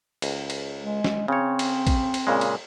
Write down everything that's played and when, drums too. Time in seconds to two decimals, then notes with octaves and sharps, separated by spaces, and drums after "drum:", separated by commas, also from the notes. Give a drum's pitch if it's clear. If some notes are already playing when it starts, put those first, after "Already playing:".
0.22 C#2, drum: cymbal
0.50 drum: cymbal
0.82 G#3
1.04 drum: snare
1.28 C#3 C4 C#5
1.59 drum: cymbal
1.87 drum: kick A#1, cymbal
2.14 drum: cymbal
2.27 A#2 C#3 G#3
2.41 drum: cymbal